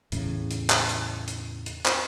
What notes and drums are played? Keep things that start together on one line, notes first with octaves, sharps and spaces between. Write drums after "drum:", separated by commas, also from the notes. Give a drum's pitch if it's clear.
E2 A2 C#3, drum: hi-hat
drum: hi-hat
drum: clap
drum: hi-hat
drum: hi-hat
drum: hi-hat
drum: clap